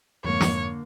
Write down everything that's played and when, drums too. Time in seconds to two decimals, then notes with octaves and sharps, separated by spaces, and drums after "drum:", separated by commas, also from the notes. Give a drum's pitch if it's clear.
0.25 F2 G#2 D3 A#3 C#5
0.41 drum: snare